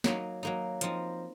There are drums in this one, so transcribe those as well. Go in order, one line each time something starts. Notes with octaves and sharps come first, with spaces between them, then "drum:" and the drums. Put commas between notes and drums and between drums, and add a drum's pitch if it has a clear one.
F#3 A#3 D#4, drum: snare
F#3 A#3 D#4
F3 C4 D#4, drum: hi-hat